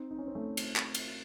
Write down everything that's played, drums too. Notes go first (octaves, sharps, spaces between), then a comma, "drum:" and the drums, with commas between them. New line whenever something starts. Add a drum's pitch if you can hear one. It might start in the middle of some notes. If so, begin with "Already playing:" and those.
Already playing: C4 D#4
D#4
C#4
C4
A3 C#4
drum: cymbal
drum: clap
drum: cymbal